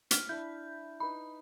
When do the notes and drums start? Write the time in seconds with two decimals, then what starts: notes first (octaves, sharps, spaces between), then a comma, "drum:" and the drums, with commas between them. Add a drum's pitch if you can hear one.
0.11 F6 B6, drum: hi-hat
0.29 D4 E4 G6
1.00 D#4 B4 B5